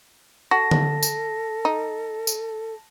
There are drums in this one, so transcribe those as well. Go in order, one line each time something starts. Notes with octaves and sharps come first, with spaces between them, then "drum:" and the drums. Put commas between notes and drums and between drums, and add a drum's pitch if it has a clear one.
F#4 A4 A5 A#6
drum: tom D3
drum: tambourine
D#4
drum: tambourine